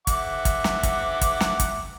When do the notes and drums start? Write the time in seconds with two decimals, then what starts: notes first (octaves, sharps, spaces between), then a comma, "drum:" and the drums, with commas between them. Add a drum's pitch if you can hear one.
0.07 E5 F#5 D6, drum: kick, hi-hat
0.45 drum: kick, hi-hat
0.64 drum: snare
0.83 drum: kick, hi-hat
1.21 drum: kick, hi-hat
1.40 drum: snare
1.60 drum: kick, hi-hat